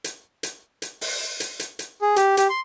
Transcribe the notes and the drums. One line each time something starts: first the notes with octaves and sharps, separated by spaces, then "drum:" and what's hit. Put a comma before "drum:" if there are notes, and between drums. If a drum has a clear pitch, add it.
drum: hi-hat
drum: hi-hat
drum: hi-hat
drum: open hi-hat
drum: hi-hat
drum: hi-hat
drum: hi-hat
G#4
G4, drum: hi-hat
G4, drum: hi-hat
C6